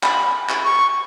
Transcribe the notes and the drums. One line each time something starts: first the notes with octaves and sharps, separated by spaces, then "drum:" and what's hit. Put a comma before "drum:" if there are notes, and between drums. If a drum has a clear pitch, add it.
B5, drum: clap
drum: clap
C#6